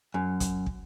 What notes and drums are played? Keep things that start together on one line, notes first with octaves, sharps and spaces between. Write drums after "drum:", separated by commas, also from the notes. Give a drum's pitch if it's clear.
F#2
drum: kick, hi-hat
drum: kick